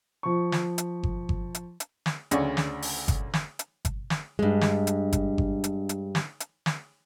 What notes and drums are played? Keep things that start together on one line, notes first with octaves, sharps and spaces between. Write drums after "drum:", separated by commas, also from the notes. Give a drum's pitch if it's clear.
F3 C#6
drum: snare
drum: hi-hat
drum: kick G1
drum: kick G1
drum: hi-hat
drum: hi-hat
drum: snare
D2 C#3 C#4 D5 C#6, drum: hi-hat
drum: snare
drum: open hi-hat
drum: kick G1, hi-hat
drum: snare
drum: hi-hat
drum: kick G1, hi-hat
drum: snare
G2 G#3
drum: snare
drum: hi-hat
drum: kick G1, hi-hat
drum: kick G1
drum: hi-hat
drum: hi-hat
drum: snare
drum: hi-hat
drum: snare